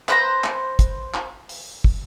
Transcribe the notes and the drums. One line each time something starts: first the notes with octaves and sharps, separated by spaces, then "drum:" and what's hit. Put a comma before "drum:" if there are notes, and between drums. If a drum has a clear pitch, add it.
B4 C5 A#5, drum: clap
drum: clap
drum: kick, hi-hat
drum: clap
drum: open hi-hat
drum: kick